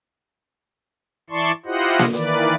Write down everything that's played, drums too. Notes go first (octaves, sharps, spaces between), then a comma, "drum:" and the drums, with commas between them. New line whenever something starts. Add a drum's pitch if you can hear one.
E3 E4 D5 A5 C6 C#6
E4 F4 G4 C5 D#5 F#5
drum: snare A#3
D#3 E3 A#3 B4 D5, drum: hi-hat